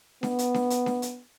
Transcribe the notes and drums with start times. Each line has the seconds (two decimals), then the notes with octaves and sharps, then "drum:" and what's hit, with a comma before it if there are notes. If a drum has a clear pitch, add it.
0.23 B3, drum: snare D4
0.39 drum: hi-hat
0.54 drum: snare D4
0.70 drum: hi-hat
0.86 drum: snare D4
1.02 drum: hi-hat